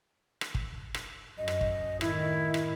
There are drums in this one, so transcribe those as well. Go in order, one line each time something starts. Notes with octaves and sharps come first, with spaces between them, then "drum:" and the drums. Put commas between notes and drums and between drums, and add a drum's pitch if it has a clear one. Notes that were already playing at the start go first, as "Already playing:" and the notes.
drum: rim click
drum: kick
drum: rim click
F#2 D#5
drum: rim click
drum: kick
A2 D#3 E4, drum: rim click
drum: rim click